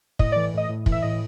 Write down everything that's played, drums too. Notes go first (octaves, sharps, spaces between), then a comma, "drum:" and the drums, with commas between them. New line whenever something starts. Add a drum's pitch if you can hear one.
A2 D#5, drum: kick
E3 D5
A2 D#5
A2
E3, drum: kick
E5
A2 D#5